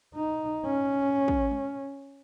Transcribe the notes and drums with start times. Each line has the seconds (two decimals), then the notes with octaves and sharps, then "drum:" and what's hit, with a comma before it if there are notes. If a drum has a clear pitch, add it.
0.15 D#4
0.66 C#4
1.28 drum: kick
1.51 drum: tom G#3